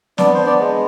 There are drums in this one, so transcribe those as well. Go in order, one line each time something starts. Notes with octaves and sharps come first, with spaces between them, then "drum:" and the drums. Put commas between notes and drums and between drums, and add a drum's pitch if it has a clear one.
B3 D4 D5, drum: snare
C5
D4 D5
G#3